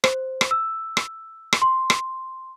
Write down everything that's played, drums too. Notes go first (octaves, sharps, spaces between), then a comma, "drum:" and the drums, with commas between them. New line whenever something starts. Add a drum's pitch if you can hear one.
C5, drum: rim click
drum: rim click
E6
drum: rim click
drum: rim click
C6
drum: rim click